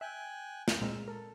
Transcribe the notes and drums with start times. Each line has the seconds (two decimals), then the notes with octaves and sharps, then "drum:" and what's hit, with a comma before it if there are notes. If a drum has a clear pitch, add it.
0.01 E5 G5 G#5 F#6
0.68 drum: snare
0.81 A#2 G#3 C4 A#4 E6
1.08 A4 A#4